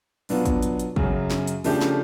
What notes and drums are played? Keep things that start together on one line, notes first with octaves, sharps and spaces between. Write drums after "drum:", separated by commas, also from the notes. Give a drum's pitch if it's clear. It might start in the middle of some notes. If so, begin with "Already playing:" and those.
B2 F#3 B3 D4 F4, drum: open hi-hat
drum: kick, hi-hat
drum: hi-hat
drum: hi-hat
F#2 C#3 F#3, drum: kick
drum: snare
drum: hi-hat
C#3 F3 A3 D4 G4, drum: open hi-hat
drum: snare